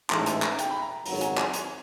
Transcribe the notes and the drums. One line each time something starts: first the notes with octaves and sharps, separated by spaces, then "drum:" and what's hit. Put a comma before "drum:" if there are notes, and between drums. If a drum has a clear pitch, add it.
A1 G#2 E3 A3 E5, drum: clap
drum: hi-hat
drum: clap
G5, drum: hi-hat
B5
A#5
G#1 F#2 C#3 F#3 A#5, drum: open hi-hat
G#5, drum: hi-hat
G#5, drum: clap
drum: hi-hat